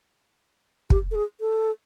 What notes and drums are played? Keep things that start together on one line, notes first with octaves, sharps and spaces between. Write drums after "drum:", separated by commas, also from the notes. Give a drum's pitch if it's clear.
G4, drum: kick
A4
G#4
A4